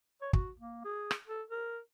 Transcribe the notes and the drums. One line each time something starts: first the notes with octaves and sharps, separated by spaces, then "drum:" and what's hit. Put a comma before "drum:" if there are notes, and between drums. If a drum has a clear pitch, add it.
C#5
F#4, drum: kick
A#3
G#4
drum: rim click
A4
A#4